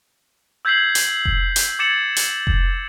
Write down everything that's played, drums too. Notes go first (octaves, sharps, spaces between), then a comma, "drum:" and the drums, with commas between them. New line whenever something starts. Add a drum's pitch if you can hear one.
E6 G6 G#6 B6 C7 F#7
drum: hi-hat
drum: kick F1
drum: hi-hat
D6 G#6 A6 C#7 E7 F#7
drum: hi-hat
drum: kick F1